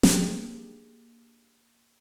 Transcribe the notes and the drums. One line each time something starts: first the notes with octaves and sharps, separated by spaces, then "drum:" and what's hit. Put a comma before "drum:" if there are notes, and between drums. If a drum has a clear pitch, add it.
A#3 D4 G4 G#4, drum: snare